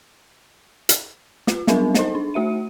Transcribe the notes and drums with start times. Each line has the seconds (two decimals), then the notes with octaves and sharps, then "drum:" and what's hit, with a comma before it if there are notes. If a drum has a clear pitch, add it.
0.89 drum: hi-hat
1.47 F4, drum: snare
1.67 F#3 G3 B3 D4 A#4, drum: snare
1.94 D#4 C5 D#5, drum: snare
2.15 D4
2.34 A3 F#4 E5 D#7